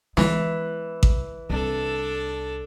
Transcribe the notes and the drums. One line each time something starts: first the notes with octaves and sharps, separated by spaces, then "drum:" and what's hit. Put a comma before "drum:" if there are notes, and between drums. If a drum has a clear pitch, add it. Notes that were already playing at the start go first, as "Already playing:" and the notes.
E3 G#3 B3, drum: snare
drum: kick A1
C2 D4 A4